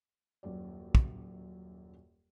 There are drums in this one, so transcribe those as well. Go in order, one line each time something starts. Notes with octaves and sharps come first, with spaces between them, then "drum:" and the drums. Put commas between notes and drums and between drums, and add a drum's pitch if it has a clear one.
D#1 F#2 D5
drum: kick